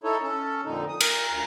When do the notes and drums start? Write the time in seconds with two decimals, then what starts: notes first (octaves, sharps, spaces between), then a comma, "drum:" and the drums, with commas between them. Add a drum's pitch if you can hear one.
0.04 D#4 E4 A4 C#5
0.22 C#4 A4
0.65 F2 A#2 D3 D#4
0.89 D#6
1.01 A#4, drum: cymbal
1.29 D2 A#5